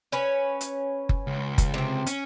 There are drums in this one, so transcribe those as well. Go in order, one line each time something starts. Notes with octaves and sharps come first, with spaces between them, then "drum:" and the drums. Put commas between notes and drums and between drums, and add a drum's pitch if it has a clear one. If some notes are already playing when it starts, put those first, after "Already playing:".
C#4 B4 C#5
drum: hi-hat
drum: kick F#1
C#2
drum: kick F#1, hi-hat
C3 C4
C#4, drum: hi-hat